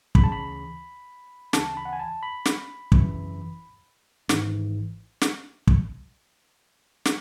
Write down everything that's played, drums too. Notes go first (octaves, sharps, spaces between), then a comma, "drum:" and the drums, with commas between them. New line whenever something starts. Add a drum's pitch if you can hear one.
D2 C#3 E3 B5, drum: kick
A5
B5
D2 C#3 E3 A5, drum: snare
B5
F#5
G#5
A5
B5
drum: snare
G#1 F#2 C#3 E3, drum: kick
G#1 G#2 E3, drum: snare
drum: snare
drum: kick
drum: snare